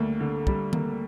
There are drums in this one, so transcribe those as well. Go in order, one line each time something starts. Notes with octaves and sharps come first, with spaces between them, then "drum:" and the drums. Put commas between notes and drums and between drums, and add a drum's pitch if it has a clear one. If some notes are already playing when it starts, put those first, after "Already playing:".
Already playing: D2 G3 A#3
D3
G3, drum: kick
A#3, drum: tom D#3